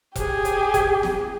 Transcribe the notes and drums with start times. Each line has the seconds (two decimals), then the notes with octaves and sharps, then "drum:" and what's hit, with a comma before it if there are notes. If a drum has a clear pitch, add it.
0.16 G4 G#4, drum: kick E1, hi-hat
0.45 drum: hi-hat
0.74 drum: kick E1, hi-hat
1.03 drum: snare